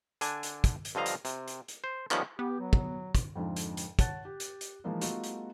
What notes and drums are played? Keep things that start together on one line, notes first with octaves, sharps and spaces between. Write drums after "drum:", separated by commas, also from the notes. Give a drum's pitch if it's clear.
D3 D4 G#5, drum: hi-hat
drum: hi-hat
drum: kick, hi-hat
drum: hi-hat
G2 D3 F3 D#5 F5 A#5
drum: hi-hat
C3, drum: hi-hat
drum: hi-hat
drum: hi-hat
C5
D#3 F3 G3 B3 C#4, drum: clap
B3 G4
F#3
drum: kick
drum: kick, hi-hat
F2 G#2 D3 F3
drum: hi-hat
drum: hi-hat
C#5 F#5 A5 F#6 A6, drum: kick, hi-hat
G4
drum: hi-hat
drum: hi-hat
E3 F3 G#3 A#3 D#4 F4
G3 A3 B3 D#4 F4 F#4, drum: hi-hat
drum: hi-hat